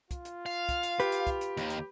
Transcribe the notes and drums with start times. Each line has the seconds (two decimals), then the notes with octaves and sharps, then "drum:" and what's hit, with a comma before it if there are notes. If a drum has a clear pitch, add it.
0.11 F4, drum: kick, hi-hat
0.25 drum: hi-hat
0.46 F5
0.69 drum: kick, hi-hat
0.83 drum: hi-hat
1.00 G4 B4, drum: hi-hat
1.12 drum: hi-hat
1.27 drum: kick, hi-hat
1.41 drum: hi-hat
1.57 D#2 D#3, drum: hi-hat
1.70 drum: hi-hat